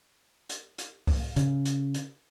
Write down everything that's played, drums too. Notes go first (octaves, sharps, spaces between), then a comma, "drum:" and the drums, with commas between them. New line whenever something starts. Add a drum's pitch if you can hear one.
drum: hi-hat
drum: hi-hat
drum: kick C2, open hi-hat
C#3, drum: hi-hat
drum: hi-hat
drum: hi-hat